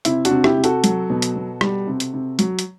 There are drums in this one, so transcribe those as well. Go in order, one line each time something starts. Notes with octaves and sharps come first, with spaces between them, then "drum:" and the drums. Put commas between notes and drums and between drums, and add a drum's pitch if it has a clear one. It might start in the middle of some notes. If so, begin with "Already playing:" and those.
C3 E4, drum: hi-hat
D4 F#4, drum: hi-hat
C3
E4 G4, drum: rim click
C3
F#4 A4, drum: hi-hat
F#3, drum: hi-hat
B2
drum: hi-hat
B2
G3, drum: rim click
C3
drum: hi-hat
C3
F#3, drum: hi-hat
drum: hi-hat